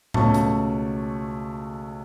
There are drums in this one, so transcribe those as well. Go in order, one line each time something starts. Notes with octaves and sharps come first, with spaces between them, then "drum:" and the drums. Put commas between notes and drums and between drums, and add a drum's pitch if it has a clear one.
C#2 B2 A3 C#4 A5 C#6, drum: tom A2
drum: hi-hat